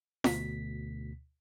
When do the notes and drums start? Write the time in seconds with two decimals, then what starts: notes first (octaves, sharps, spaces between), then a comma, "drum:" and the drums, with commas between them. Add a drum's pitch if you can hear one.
0.24 D2 B2 B6, drum: snare